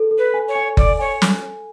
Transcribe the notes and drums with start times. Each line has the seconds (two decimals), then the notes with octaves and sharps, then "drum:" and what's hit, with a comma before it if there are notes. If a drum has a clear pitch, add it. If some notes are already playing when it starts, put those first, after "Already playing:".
Already playing: A4
0.11 A4
0.18 B4
0.34 G#5
0.48 C#5
0.55 G#5
0.77 D5 G#5, drum: kick F#1
0.99 C#5 G#5
1.22 drum: snare